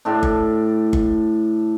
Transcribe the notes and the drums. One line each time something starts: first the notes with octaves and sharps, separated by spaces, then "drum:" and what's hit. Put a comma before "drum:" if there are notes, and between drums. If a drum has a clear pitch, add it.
A2 D4
drum: kick G1
drum: kick G1